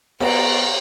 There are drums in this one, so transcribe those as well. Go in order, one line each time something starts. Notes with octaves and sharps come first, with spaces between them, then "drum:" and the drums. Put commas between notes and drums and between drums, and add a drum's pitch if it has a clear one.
B3 C5 D5 A#5, drum: cymbal